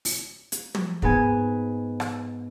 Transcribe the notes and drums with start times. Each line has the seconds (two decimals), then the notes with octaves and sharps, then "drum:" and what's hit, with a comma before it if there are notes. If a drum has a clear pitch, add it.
0.05 drum: open hi-hat
0.52 drum: hi-hat
0.75 drum: tom
1.02 G#2 B3 G#5 G#6, drum: kick
2.00 drum: rim click